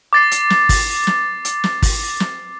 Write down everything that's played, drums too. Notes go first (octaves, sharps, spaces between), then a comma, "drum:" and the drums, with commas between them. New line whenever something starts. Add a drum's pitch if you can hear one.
D6 A6 C7
drum: hi-hat
drum: snare
drum: kick, open hi-hat
drum: snare
drum: hi-hat
drum: snare
drum: kick, open hi-hat
drum: snare